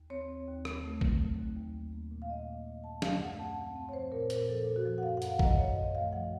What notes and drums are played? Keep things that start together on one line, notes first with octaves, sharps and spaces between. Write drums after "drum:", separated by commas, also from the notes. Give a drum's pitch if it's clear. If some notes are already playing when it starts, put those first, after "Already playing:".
Already playing: D#2
C4 C#5
C4
D#2
D#2, drum: rim click
A3
F#3, drum: kick
A3
D#2
D#2
A#3
A#3
A#2
F5
A#3 D#5
A#2
A#2
F#2 A5
F#2 F5, drum: snare
A3 F#5
C4 A5
F#2
A5
C4
C#5
F3 C5
A#2 A#4
A#2 A#4, drum: hi-hat
F3 A4
A#2
F#4
F3
F#5
F#2 F5
F#5
F#2, drum: hi-hat
F5
F#2 D#5, drum: kick
D#3 C#5
F#2 D#5
A3 F5
F3 F#5